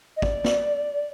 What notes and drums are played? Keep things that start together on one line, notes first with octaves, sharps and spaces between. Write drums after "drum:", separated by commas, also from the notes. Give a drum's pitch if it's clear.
D#5
D5, drum: kick
drum: snare